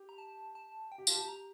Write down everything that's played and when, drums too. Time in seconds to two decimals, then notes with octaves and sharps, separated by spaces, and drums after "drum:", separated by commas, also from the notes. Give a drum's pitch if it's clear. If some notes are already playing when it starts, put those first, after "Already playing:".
Already playing: G4
0.09 A#5
0.18 A5
0.55 A5
0.92 G5
0.98 G4
1.07 F4 A5, drum: tambourine
1.15 G4
1.28 A#5